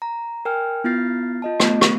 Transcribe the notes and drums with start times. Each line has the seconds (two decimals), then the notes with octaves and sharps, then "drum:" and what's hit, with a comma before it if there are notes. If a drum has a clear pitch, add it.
0.02 A#5
0.45 A#4 G5 G#5 F6
0.84 B3 E4 F4 F6 A6 C7
1.42 F4 D#5 A5
1.60 A3 B3 F4, drum: rim click
1.81 drum: rim click